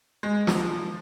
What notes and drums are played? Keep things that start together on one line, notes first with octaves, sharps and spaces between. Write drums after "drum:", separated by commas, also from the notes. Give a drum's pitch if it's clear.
G#3
F3, drum: snare